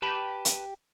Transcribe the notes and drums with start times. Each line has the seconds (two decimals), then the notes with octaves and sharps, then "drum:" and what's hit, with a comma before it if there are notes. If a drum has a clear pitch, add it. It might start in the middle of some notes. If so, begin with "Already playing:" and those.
0.02 G4 B4 A5 B5
0.45 drum: hi-hat